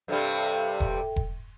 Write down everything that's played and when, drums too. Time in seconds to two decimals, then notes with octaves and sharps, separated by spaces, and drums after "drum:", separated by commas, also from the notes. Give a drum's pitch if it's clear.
0.08 G2 C3 G3 A4 E5 G5
0.80 drum: kick E1
1.16 drum: kick E1